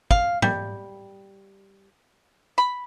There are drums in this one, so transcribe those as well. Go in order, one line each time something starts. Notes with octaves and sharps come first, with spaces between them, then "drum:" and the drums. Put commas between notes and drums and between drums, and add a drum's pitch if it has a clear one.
F5, drum: kick
G3, drum: tom G#2
B5